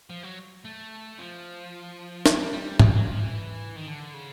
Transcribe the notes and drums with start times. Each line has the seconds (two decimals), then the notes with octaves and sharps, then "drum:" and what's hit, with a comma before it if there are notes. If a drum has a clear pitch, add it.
0.10 F3
0.23 F#3
0.65 A3
1.18 F3
2.26 G3, drum: snare
2.53 G3
2.79 G3, drum: tom G#2
2.93 F#3
3.06 F3
3.20 E3
3.76 D#3
3.87 D3
4.14 C#3